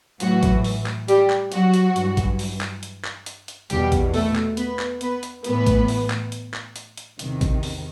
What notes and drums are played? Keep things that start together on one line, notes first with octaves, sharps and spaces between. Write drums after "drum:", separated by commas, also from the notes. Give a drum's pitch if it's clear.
A2 E3 F#3 F#4, drum: hi-hat
drum: kick A1, hi-hat
drum: open hi-hat
drum: clap
G3 G4, drum: hi-hat
drum: clap
F#3 F#4, drum: hi-hat
drum: hi-hat
G2 E3, drum: hi-hat
drum: kick A1, hi-hat
drum: open hi-hat
drum: clap
drum: hi-hat
drum: clap
drum: hi-hat
drum: hi-hat
E2 B2 G3 G4, drum: hi-hat
drum: kick A1, hi-hat
A3 A4, drum: open hi-hat
drum: clap
B3 B4, drum: hi-hat
drum: clap
B3 B4, drum: hi-hat
drum: hi-hat
A2 E3 B3 B4, drum: hi-hat
drum: kick A1, hi-hat
drum: open hi-hat
drum: clap
drum: hi-hat
drum: clap
drum: hi-hat
drum: hi-hat
E2 C3 D#3, drum: hi-hat
drum: kick A1, hi-hat
drum: open hi-hat